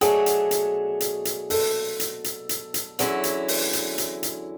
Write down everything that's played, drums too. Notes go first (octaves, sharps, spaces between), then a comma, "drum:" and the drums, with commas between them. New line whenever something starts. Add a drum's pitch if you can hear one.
B2 F#3 A3 D4 G#4, drum: hi-hat
drum: hi-hat
drum: hi-hat
drum: hi-hat
drum: hi-hat
A4, drum: open hi-hat
drum: hi-hat
drum: hi-hat
drum: hi-hat
drum: hi-hat
E2 D3 F#3 C#4 E4, drum: hi-hat
drum: hi-hat
drum: open hi-hat
drum: hi-hat
drum: hi-hat
drum: hi-hat